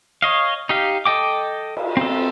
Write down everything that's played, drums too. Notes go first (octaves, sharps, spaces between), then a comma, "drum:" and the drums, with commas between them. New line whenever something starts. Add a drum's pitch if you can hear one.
C#5 D#5 F5
D#4 G4 F5
A4 D#5 G5 D6
drum: cymbal
C4 A4